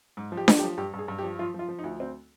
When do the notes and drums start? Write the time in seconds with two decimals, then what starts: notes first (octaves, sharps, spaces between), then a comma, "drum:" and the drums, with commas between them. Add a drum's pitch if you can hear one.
0.17 G#2
0.32 F3
0.37 G4
0.48 F3, drum: snare D4
0.58 G4
0.63 F3
0.77 G2 G4
0.93 G2
0.99 G#4
1.08 G2
1.18 G4
1.23 F3
1.39 F3 F4
1.54 F3 F4
1.69 F3
1.79 D#4
1.84 D2
2.00 D2 C4